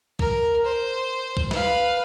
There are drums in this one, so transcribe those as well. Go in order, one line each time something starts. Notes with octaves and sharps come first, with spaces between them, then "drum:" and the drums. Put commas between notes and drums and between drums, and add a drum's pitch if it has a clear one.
A#4, drum: kick B1
C5
drum: kick B1
B4 F5, drum: snare